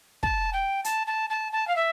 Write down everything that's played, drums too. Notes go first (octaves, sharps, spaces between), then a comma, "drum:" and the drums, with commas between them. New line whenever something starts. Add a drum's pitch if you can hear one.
A5, drum: kick
G5
A5, drum: hi-hat
A5
A5
A5
F5
E5